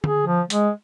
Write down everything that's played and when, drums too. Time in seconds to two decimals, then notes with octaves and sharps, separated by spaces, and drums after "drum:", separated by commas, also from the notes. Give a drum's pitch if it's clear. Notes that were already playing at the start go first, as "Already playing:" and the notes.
0.04 G#4, drum: tom D3
0.27 F3
0.50 G#3, drum: hi-hat